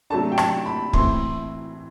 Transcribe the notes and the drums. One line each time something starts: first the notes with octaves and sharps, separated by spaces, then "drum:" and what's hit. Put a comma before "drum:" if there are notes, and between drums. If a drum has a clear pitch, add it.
C3 F#3 A3 D4 A5
G5
A5, drum: rim click
B5
A2 E3 A3 C4 E4 C6, drum: kick